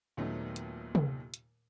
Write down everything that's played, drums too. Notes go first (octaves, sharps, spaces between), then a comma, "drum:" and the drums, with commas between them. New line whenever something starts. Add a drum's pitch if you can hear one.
D#2 A#2 F#3 A3 B3 D#4
drum: hi-hat
drum: tom
drum: hi-hat